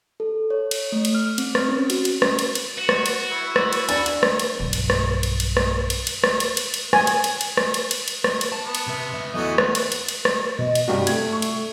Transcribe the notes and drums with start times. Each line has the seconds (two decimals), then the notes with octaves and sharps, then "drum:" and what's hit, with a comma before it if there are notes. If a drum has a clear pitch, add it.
0.20 A4
0.50 C#5
0.71 drum: cymbal
0.92 A3
1.05 drum: cymbal
1.15 F6
1.38 C4, drum: cymbal
1.55 drum: rim click
1.68 C#4
1.90 F#4, drum: cymbal
2.05 drum: cymbal
2.22 drum: rim click
2.39 drum: cymbal
2.55 drum: cymbal
2.78 F#4
2.89 drum: rim click
3.06 drum: cymbal
3.31 E4
3.56 drum: rim click
3.73 drum: cymbal
3.89 D4 B5 A6, drum: cymbal
4.06 drum: cymbal
4.23 drum: rim click
4.40 drum: cymbal
4.60 B1 G2
4.73 drum: cymbal
4.90 drum: rim click
5.23 drum: cymbal
5.40 drum: cymbal
5.57 drum: rim click
5.90 drum: cymbal
6.07 drum: cymbal
6.24 drum: rim click
6.40 drum: cymbal
6.57 drum: cymbal
6.74 drum: cymbal
6.93 G#5, drum: rim click
7.07 drum: cymbal
7.24 drum: cymbal
7.41 drum: cymbal
7.57 drum: rim click
7.74 drum: cymbal
7.91 drum: cymbal
8.08 drum: cymbal
8.24 drum: rim click
8.41 drum: cymbal
8.52 A5
8.65 B3
8.75 drum: cymbal
8.87 C3 E5
9.14 G#2 E5
9.33 E2 E3 A3 F#4 D#5
9.58 drum: rim click
9.75 drum: cymbal
9.92 drum: cymbal
10.08 drum: cymbal
10.25 drum: rim click
10.59 B2 D#5
10.75 drum: cymbal
10.88 G2 C3 F#4 D5
11.07 A3 G#6, drum: cymbal
11.33 C#6
11.42 drum: cymbal